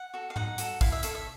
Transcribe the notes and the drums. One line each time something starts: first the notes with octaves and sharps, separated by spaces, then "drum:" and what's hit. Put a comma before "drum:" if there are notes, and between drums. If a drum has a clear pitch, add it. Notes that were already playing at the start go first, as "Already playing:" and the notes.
Already playing: F#5
F#4 A4
F5
D#4 F#5, drum: tom G#2
F#4 A4, drum: hi-hat
E4 F5, drum: kick, open hi-hat
E5
A4 C#5 F5, drum: hi-hat
E5